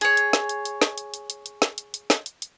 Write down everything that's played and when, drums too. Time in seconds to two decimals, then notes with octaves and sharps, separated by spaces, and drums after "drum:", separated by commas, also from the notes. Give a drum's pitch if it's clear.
0.01 G#4 C#5, drum: hi-hat
0.17 drum: hi-hat
0.33 drum: snare
0.49 drum: hi-hat
0.65 drum: hi-hat
0.82 drum: snare
0.98 drum: hi-hat
1.14 drum: hi-hat
1.30 drum: hi-hat
1.46 drum: hi-hat
1.62 drum: snare
1.78 drum: hi-hat
1.94 drum: hi-hat
2.10 drum: snare
2.26 drum: hi-hat
2.42 drum: hi-hat